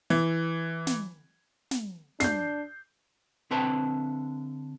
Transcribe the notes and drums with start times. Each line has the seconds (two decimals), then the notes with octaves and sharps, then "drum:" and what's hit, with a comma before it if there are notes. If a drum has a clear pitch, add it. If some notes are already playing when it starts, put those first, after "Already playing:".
0.10 E3, drum: open hi-hat
0.87 drum: snare
1.71 drum: snare
2.20 D4 G6 C7, drum: snare
3.51 D3 C4 B4 G5 A5